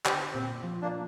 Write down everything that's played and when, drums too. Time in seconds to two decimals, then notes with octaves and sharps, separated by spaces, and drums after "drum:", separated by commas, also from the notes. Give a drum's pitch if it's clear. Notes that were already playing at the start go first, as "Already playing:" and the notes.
0.06 D3 G4 C5, drum: clap
0.34 A#2 C4
0.63 F3
0.82 A#3 D4